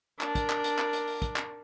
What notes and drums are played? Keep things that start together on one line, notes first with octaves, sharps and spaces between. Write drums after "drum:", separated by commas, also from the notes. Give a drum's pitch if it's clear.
D4 A#4, drum: clap
drum: kick, hi-hat
drum: clap
drum: hi-hat
drum: clap
drum: hi-hat
drum: open hi-hat
drum: kick, hi-hat
drum: clap